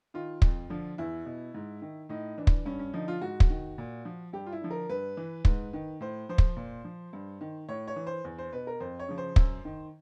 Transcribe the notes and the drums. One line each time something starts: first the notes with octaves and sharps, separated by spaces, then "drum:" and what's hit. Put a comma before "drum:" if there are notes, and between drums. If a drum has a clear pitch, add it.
D#3 F4
F2, drum: kick
D3 F3
E2 E4
B2
G#2
D#3
A2 D#4
E3 D4
drum: kick
G2 C#4
C#4
D3 F3 D#4
F4
G#2 F#4
drum: kick
D#3
A#2
F3
G2 G4
F4
E4
D3 F3
A#4
G2 B4
E3
G#2, drum: kick
D#3
A2 C5
F3 C5
drum: kick
A#2
F3
G2
D#3
A2 C#5
C#5
E3
C5
E2
C5
B2 B4
A#4
F2 C5
C#5
C#3 F3
C5
F#2, drum: kick
D#3